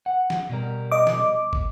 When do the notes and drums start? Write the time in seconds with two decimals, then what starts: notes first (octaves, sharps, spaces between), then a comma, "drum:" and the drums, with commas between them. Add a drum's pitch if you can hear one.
0.06 F#5
0.30 drum: snare
0.49 B2 G3 A#4
0.91 D#5 D6
1.07 drum: snare
1.53 drum: kick